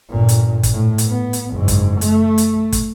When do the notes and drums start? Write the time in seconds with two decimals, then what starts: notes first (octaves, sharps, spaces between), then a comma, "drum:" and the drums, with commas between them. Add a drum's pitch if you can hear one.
0.10 G1 A#2
0.29 drum: hi-hat
0.63 drum: kick, hi-hat
0.73 A2
0.98 drum: hi-hat
1.08 B3
1.33 drum: hi-hat
1.51 F#1 G#2
1.68 drum: kick, hi-hat
2.01 A3, drum: hi-hat
2.38 drum: hi-hat
2.72 drum: kick, hi-hat